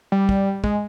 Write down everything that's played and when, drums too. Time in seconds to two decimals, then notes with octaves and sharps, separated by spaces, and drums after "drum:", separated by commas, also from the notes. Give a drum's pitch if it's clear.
0.12 G3
0.29 drum: kick
0.64 G#3, drum: kick